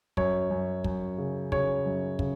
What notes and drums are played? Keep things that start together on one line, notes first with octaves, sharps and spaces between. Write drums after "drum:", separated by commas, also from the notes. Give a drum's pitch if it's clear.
F#2 C#5, drum: kick
F#2
F#2, drum: kick
C#3
C#3 C#5, drum: kick
F#2
C#3, drum: kick